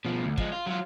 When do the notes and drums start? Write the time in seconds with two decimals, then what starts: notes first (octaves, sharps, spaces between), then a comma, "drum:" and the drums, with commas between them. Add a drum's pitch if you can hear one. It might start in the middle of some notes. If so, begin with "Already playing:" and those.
0.05 B2 F3
0.25 D2
0.38 F3 G#3, drum: kick
0.52 F4
0.67 F#3 F4